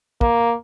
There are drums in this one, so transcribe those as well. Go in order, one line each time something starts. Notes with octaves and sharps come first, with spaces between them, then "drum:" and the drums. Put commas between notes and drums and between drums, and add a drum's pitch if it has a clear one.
A#3, drum: kick